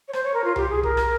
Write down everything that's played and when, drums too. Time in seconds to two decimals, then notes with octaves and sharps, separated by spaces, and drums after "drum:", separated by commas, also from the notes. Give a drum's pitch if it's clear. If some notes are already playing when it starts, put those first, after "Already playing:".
0.08 C#5
0.13 C5, drum: rim click
0.23 C#5
0.34 A#4
0.44 F4
0.56 G4, drum: tom C2
0.70 G#4
0.83 A#4, drum: kick
0.97 drum: rim click